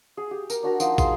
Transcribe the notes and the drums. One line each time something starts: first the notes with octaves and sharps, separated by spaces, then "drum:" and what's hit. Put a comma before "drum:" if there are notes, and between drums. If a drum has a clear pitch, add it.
G#4
G4
A#4, drum: tambourine
D4 F#4 A#4 F#5
F3 D#4 C5 D#5, drum: tambourine
G#4 C6, drum: kick, tambourine